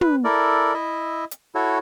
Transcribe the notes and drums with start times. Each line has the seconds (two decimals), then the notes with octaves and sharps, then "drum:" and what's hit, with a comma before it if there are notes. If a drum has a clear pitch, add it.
0.01 B4, drum: tom
0.24 E4 A4 A#4 D5
0.74 E4 D#5 E5
1.31 drum: hi-hat
1.55 E4 F#4 A4 C#5